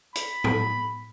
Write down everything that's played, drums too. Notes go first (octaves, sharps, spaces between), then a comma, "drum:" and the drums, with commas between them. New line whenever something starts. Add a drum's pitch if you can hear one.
B5, drum: hi-hat
drum: tom